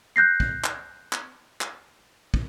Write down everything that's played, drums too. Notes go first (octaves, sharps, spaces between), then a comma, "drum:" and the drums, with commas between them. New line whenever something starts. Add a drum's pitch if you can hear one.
F#6 G6 A#6 C7
drum: kick
drum: clap
drum: clap
drum: clap
drum: kick